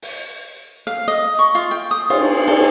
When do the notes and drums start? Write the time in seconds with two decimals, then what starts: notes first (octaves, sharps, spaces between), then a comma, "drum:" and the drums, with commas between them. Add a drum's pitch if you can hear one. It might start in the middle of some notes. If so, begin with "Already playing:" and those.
0.02 drum: open hi-hat
0.87 F5
1.08 D#5
1.39 C#6
1.55 F4
1.71 G5
1.91 D#6
2.10 F4, drum: cymbal
2.48 A4, drum: cymbal